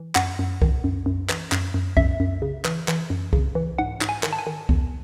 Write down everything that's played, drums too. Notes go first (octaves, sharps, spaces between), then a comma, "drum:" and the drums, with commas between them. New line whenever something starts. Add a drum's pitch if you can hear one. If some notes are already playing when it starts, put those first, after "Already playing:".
Already playing: E3
F#2 F#5, drum: clap
F#2
D#3, drum: kick C2
F#2
F#2
E3, drum: clap
F#2, drum: clap
F#2
F#2 E5, drum: kick C2
F#2
C#3
E3, drum: clap
E3, drum: clap
F#2
C#3, drum: kick C2
E3
G#2 F#5
G#2, drum: clap
G#5
D#3, drum: clap
A5
G#5
D#3
E2, drum: kick C2